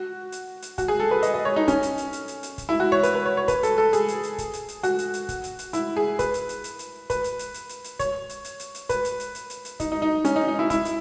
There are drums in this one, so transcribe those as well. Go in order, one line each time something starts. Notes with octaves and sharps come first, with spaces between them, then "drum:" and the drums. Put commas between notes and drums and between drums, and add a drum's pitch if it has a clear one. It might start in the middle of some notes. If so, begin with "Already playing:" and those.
Already playing: F#4
drum: hi-hat
drum: hi-hat
F#4, drum: kick, hi-hat
G#4
A4
B4
D#5, drum: hi-hat
D#5
C#5
D#4
C#4, drum: kick, hi-hat
drum: hi-hat
drum: hi-hat
drum: hi-hat
drum: hi-hat
drum: hi-hat
drum: kick, hi-hat
E4
F#4
C#5
B4, drum: hi-hat
B4
C#5
C#5
B4, drum: kick, hi-hat
A4, drum: hi-hat
A4
G#4, drum: hi-hat
drum: hi-hat
drum: hi-hat
drum: kick, hi-hat
drum: hi-hat
drum: hi-hat
F#4, drum: hi-hat
drum: hi-hat
drum: hi-hat
drum: kick, hi-hat
drum: hi-hat
drum: hi-hat
E4, drum: hi-hat
G#4
B4, drum: kick, hi-hat
drum: hi-hat
drum: hi-hat
drum: hi-hat
drum: hi-hat
B4, drum: kick, hi-hat
drum: hi-hat
drum: hi-hat
drum: hi-hat
drum: hi-hat
drum: hi-hat
C#5, drum: kick, hi-hat
drum: hi-hat
drum: hi-hat
drum: hi-hat
drum: hi-hat
B4, drum: kick, hi-hat
drum: hi-hat
drum: hi-hat
drum: hi-hat
drum: hi-hat
drum: hi-hat
D#4, drum: kick, hi-hat
D#4
D#4
C#4, drum: hi-hat
D#4
D#4
E4
E4, drum: kick, hi-hat
drum: hi-hat